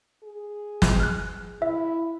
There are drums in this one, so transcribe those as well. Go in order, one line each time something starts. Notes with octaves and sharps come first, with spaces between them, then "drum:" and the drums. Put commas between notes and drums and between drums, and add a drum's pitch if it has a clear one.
G#4
drum: snare
F6 F#6
E4 E5